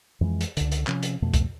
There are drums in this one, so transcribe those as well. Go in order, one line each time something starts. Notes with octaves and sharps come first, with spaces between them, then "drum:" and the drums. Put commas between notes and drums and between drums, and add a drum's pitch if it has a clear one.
F2 E3 G#3
drum: hi-hat
C#2 D3, drum: hi-hat
drum: hi-hat
C3 F3 C#4, drum: clap
drum: hi-hat
F2 B2 A3
drum: kick, hi-hat